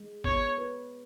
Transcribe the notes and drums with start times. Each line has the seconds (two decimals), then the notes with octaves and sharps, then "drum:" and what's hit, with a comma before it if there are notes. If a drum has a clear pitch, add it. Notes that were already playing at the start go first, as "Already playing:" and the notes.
Already playing: G#3
0.24 B3 C#5, drum: kick
0.58 B4